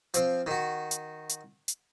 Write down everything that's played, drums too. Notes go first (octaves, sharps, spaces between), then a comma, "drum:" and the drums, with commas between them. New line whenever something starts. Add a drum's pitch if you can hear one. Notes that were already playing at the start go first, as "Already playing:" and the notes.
F3 C4, drum: hi-hat
D#3 F#4
drum: hi-hat
drum: hi-hat
drum: hi-hat